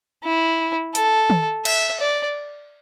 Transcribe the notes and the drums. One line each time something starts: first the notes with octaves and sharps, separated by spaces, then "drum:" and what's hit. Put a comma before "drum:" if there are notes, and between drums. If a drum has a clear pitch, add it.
E4
A4, drum: hi-hat
drum: tom D#3
E5, drum: cymbal
D5